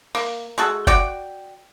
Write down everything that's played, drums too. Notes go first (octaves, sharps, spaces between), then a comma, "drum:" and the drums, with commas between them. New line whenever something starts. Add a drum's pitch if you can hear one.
A#3, drum: open hi-hat
G#3 F#4 A4
F#4 D5 G5, drum: kick F#1